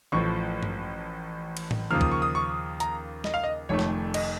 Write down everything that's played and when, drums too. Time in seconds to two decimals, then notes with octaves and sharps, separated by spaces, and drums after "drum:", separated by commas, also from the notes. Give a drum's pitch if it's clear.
0.12 A1 A2 F3 C#6
0.63 drum: tom G2
1.57 drum: cymbal
1.71 drum: tom A2
1.90 D#2 C#3 F3 A#3 F6
2.01 D#6, drum: kick B1
2.11 C#6
2.22 D#6
2.35 C#6
2.80 A#5, drum: hi-hat
3.24 D#5, drum: snare
3.34 F5
3.44 D#5
3.69 F1 F2 D#3 A3 C#5
3.79 drum: snare
4.14 D#5, drum: cymbal